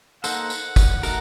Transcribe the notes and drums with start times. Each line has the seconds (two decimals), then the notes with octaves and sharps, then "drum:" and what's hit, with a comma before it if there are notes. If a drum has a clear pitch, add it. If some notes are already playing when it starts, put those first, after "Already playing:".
0.24 A#3 D#4 A4 C5 F#5, drum: tambourine
0.50 drum: tambourine
0.76 drum: kick, tambourine
1.03 A3 D#4 F#4 A#4, drum: tambourine